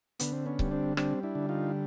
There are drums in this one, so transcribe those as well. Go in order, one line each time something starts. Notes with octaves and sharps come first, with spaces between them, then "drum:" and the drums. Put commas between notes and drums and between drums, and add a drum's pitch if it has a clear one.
D3 B3, drum: hi-hat
C4
B3 C#4
G3, drum: kick C#1
C4 D4
G3 C4 D4, drum: rim click
D4 E4
D3
D#4 F4